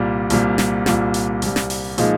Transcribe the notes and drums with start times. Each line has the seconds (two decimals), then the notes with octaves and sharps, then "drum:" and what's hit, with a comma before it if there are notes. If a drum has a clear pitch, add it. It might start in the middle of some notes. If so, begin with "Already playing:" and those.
Already playing: C2 A#2 G3
0.30 C2 A#2 G3, drum: hi-hat
0.58 drum: snare
0.86 C2 A#2 G3, drum: snare
1.14 drum: hi-hat
1.42 C2 A#2 G3, drum: hi-hat
1.56 drum: snare
1.70 drum: open hi-hat
1.98 A#2 F3 G#3 D#4, drum: hi-hat